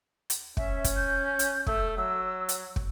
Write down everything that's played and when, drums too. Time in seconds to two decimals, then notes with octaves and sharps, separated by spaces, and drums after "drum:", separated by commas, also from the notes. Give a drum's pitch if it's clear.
0.30 drum: hi-hat
0.57 C#4 E5, drum: kick
0.84 drum: kick, hi-hat
0.96 G6
1.39 drum: hi-hat
1.67 A3 E6, drum: kick
1.97 F#3 E6
2.49 drum: hi-hat
2.76 drum: kick